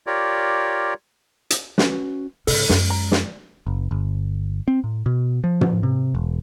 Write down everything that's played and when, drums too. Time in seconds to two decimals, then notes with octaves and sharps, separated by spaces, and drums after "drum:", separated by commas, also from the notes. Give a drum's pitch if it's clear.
0.07 F4 G4 A#4 C#5 D5
1.50 drum: hi-hat
1.78 C#4 F#4 B4, drum: snare
2.47 G#2 C#3 A4, drum: open hi-hat
2.69 F#2 G#3, drum: snare
2.91 A#5
3.12 D5, drum: snare
3.67 F#1
3.91 G1
4.68 C4
4.84 A2
5.06 B2
5.44 F3
5.61 drum: tom
5.83 C3
6.15 E1